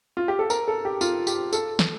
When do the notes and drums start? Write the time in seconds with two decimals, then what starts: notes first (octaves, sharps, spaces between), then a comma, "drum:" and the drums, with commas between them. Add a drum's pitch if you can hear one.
0.17 F4
0.28 G4
0.39 A4
0.50 A#4, drum: tambourine
0.68 A4
0.85 G4
1.01 F4, drum: tambourine
1.27 G4, drum: tambourine
1.53 A4, drum: tambourine
1.79 drum: snare